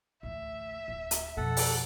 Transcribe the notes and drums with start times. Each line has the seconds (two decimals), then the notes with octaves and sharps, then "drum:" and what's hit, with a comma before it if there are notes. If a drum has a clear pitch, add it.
0.23 A1 D2 E5
0.88 D1
1.11 drum: hi-hat
1.37 F2 B2 A4 F#5
1.57 drum: open hi-hat